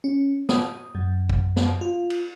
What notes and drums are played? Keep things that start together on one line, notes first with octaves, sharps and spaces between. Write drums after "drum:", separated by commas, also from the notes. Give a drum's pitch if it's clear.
C#4
D#6, drum: snare
F#2
drum: kick
drum: snare
F4
drum: cymbal